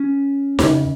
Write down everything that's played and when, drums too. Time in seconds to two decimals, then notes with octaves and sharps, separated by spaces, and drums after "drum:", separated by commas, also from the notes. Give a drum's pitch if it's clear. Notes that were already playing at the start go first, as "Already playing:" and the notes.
Already playing: C#4
0.59 F2 C#3, drum: snare D#4